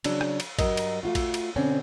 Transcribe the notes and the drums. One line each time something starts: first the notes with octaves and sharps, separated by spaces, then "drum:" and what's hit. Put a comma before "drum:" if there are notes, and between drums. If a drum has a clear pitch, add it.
C#3 F#3 D4, drum: cymbal
drum: rim click
drum: cymbal
G2 B2 F#3 A#4 D#5, drum: kick, cymbal
drum: cymbal
A3 F4 F#4
drum: kick, cymbal
drum: cymbal
B2 D3 C4 C#4